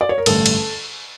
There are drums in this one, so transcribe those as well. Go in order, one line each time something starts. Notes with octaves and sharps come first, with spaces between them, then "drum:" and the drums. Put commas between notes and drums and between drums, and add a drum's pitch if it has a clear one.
D5
C#5
A#4
A1 G2 D3 A3 A4, drum: cymbal
drum: cymbal